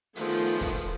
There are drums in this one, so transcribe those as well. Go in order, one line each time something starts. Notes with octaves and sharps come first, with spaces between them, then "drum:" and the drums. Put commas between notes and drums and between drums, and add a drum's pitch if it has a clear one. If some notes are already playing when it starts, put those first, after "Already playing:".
D#3 F3 A3 B3 F4 G#4, drum: hi-hat
drum: hi-hat
drum: hi-hat
drum: kick, hi-hat
drum: hi-hat